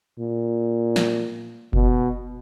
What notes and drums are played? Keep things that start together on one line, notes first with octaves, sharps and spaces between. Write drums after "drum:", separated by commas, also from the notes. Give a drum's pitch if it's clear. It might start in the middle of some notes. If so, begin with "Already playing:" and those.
A#2
drum: snare
B2, drum: kick F#1